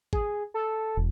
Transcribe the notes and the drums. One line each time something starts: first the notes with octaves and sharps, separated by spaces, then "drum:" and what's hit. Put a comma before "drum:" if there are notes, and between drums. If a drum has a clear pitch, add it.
G#4, drum: kick
A4
E1